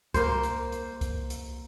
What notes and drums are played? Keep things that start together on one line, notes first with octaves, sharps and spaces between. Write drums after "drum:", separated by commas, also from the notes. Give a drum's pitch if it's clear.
A#3 C5, drum: kick C2, hi-hat
drum: hi-hat
drum: hi-hat
drum: kick C2, hi-hat
drum: hi-hat